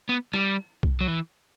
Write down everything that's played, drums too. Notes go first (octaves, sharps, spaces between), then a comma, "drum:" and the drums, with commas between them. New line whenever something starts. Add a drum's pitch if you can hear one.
B3
G3, drum: rim click
drum: kick B1
F#3
E3